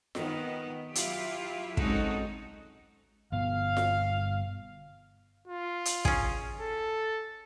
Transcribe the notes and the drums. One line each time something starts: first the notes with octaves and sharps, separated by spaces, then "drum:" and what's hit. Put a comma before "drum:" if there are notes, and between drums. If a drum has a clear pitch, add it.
D#3 B3, drum: snare F4
F#3 E4 F4 G4, drum: hi-hat
G#3 C4 C#4 D#4 F#4 A4, drum: kick
G1 B2 F5
drum: snare F4
F4
drum: hi-hat
C#4 G#4, drum: kick
A4